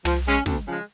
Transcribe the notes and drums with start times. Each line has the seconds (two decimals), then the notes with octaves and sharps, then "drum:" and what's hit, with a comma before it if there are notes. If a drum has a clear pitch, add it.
0.05 F3, drum: tom
0.26 G#3 C#4
0.46 D2, drum: snare
0.66 C#3 F3 G#3